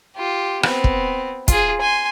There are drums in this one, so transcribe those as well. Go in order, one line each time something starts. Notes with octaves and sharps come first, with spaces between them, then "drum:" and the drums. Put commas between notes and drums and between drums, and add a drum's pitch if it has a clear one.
F4 G4
B3 C4, drum: rim click
drum: kick
F4 G#4, drum: kick, hi-hat
G#5 C6